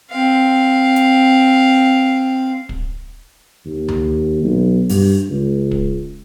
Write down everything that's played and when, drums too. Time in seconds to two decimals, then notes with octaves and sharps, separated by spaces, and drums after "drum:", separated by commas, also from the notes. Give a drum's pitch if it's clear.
0.11 C4 F5
0.96 drum: hi-hat
2.69 drum: kick
3.66 D#2
3.88 drum: tom D2
4.43 B1
4.89 G2, drum: open hi-hat
5.29 C#2
5.71 drum: kick